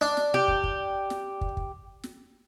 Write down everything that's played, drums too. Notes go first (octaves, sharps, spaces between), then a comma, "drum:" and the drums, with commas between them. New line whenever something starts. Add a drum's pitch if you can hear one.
D4
drum: snare
G4
drum: kick
drum: kick
drum: snare
drum: kick
drum: kick
drum: snare